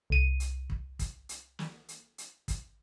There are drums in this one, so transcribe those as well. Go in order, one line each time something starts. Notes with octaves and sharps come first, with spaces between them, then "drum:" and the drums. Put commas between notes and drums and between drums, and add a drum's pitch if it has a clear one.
C2 D#7
drum: hi-hat
drum: kick
drum: kick, hi-hat
drum: hi-hat
drum: snare
drum: hi-hat
drum: hi-hat
drum: kick, hi-hat